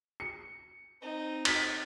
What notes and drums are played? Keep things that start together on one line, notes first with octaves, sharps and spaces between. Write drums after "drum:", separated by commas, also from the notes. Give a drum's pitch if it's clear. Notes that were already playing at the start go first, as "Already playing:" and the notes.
C#7
C4 D#4
B6 F#7, drum: cymbal